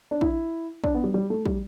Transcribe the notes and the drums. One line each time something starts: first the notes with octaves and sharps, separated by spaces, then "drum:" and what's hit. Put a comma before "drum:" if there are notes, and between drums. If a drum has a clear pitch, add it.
D4
E4, drum: kick
D4, drum: kick
B3
G3
G3
A3
G3, drum: kick